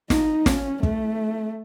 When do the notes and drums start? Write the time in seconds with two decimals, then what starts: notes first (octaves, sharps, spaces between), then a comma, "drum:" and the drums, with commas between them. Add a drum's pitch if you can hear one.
0.10 D#4, drum: snare
0.46 C#4, drum: snare
0.83 A3, drum: kick